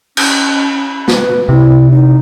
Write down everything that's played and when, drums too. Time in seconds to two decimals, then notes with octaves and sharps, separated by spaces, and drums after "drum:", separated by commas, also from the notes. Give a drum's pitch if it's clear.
0.17 C#4, drum: cymbal
1.08 B4, drum: snare
1.49 C3 E4
1.90 D#4